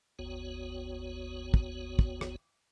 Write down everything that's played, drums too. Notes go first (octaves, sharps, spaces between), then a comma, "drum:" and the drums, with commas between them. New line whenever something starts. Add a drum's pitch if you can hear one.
G1 D#2 B3 F#4 C#5
drum: kick
drum: kick
drum: rim click